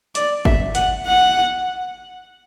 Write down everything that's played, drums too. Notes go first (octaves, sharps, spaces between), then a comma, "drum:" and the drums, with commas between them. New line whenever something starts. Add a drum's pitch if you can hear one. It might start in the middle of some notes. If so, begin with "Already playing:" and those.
D5, drum: hi-hat
E5, drum: kick G1
F#5, drum: hi-hat
F#5